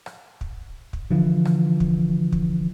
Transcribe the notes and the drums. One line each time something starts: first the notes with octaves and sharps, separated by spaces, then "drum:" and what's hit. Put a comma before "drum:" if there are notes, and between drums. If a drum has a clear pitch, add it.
drum: rim click
drum: kick
drum: kick
D3 E3 F3
drum: rim click
drum: kick
drum: kick